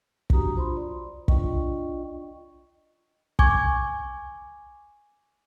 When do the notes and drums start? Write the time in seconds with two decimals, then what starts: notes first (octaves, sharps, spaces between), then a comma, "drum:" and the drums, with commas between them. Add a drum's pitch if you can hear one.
0.30 F#3 D4 F#4 G4 A#5 D#6, drum: kick
0.56 F4 C5 B5 C6
0.77 D5
1.28 D4 F4 D5 D#5 G5 C#6, drum: kick
3.39 G#5 C#6 D6 G#6, drum: kick